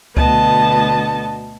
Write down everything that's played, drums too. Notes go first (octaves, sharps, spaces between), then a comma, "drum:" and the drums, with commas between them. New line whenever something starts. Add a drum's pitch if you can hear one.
D2 B2 D3 B3 D#5 A5, drum: kick C#2